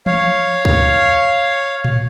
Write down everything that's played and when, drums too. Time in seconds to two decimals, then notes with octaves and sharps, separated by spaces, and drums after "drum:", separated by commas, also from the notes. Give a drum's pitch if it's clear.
0.06 C#5 F5, drum: tom
0.65 drum: kick
1.84 drum: tom A2